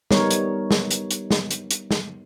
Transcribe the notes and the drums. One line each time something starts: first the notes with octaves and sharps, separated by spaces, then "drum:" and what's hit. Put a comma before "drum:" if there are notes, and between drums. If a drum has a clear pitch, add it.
G3 B3 D#4 A#4 C#5, drum: snare
drum: hi-hat
drum: snare
drum: hi-hat
drum: hi-hat
drum: snare
drum: hi-hat
drum: hi-hat
drum: snare